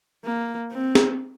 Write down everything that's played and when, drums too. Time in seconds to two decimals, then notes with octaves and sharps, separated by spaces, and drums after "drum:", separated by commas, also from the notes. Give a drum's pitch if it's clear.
0.25 A#3
0.72 C4
0.95 drum: snare